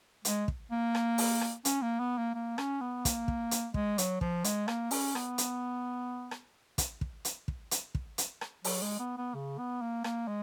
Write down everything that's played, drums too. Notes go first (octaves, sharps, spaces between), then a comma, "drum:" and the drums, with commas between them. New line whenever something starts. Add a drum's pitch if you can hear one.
G#3, drum: hi-hat
drum: kick
A#3
drum: rim click
drum: open hi-hat
drum: rim click
C#4, drum: hi-hat
A#3
B3
A#3
A#3
C#4, drum: rim click
B3
A#3, drum: kick, hi-hat
drum: kick
drum: hi-hat
G#3, drum: kick
F#3, drum: hi-hat
F3, drum: kick
G#3, drum: hi-hat
A#3, drum: rim click
C#4, drum: open hi-hat
B3, drum: rim click
drum: hi-hat
drum: rim click
drum: kick, hi-hat
drum: kick
drum: hi-hat
drum: kick
drum: hi-hat
drum: kick
drum: hi-hat
drum: rim click
F#3, drum: open hi-hat
G#3
B3
B3
C#3
B3
A#3
A#3, drum: rim click
G#3